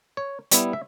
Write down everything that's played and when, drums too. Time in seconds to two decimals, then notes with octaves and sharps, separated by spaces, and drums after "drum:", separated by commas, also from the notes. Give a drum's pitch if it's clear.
0.17 C#5
0.51 G3 B3 E4, drum: hi-hat
0.73 E5